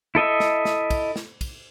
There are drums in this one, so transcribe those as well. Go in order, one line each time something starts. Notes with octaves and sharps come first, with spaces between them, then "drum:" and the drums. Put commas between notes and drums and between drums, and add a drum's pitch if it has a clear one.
E4 A4 D#5 E5
drum: snare
drum: snare
drum: kick, cymbal
drum: snare
drum: kick, cymbal